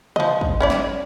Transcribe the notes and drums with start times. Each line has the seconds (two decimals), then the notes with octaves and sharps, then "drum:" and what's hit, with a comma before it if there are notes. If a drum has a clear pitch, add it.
0.16 F3 D#5, drum: tom C3
0.41 drum: kick
0.60 C#4 E4 D5
0.70 drum: snare